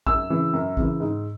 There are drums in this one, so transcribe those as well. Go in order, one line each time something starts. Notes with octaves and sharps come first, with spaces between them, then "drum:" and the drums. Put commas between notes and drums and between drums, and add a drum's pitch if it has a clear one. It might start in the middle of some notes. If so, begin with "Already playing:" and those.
F#2 E6, drum: kick
C#3 E3
F#2
C#3 E3, drum: kick
G#2